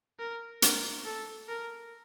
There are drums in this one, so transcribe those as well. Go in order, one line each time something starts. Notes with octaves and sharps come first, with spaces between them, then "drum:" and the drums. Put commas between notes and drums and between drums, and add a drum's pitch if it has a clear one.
A#4
A#4, drum: hi-hat
A4
A#4